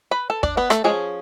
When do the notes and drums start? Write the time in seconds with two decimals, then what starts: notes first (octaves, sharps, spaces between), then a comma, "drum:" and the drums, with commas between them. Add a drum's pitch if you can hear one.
0.11 B4 B5
0.30 A4 A5
0.43 D4 D5, drum: kick
0.57 B3 B4
0.70 A3 A4, drum: rim click
0.84 F3 G#3 C#4 G#4